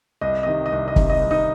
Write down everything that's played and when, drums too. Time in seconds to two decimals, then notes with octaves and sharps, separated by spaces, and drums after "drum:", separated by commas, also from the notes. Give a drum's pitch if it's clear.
0.21 C2 D#5
0.43 C3 D#3 D#5
0.66 D#5
0.72 C2
0.88 D#5
0.96 C3 D#3, drum: kick
1.09 D#5
1.21 C2
1.31 D#4 D#5